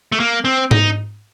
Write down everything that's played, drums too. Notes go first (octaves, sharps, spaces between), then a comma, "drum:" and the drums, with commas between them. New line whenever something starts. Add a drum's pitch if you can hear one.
A3
A#3
C4
D#4, drum: tom G#2